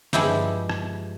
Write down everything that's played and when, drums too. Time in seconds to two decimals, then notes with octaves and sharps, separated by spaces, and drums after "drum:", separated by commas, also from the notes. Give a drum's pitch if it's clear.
0.13 G2 F3 G#3 E4 G4, drum: snare
0.69 drum: rim click